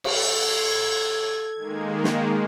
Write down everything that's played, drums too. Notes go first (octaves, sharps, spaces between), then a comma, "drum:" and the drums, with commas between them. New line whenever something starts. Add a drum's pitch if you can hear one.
drum: cymbal
A4 G#6
D#3 G#3 A#3
drum: snare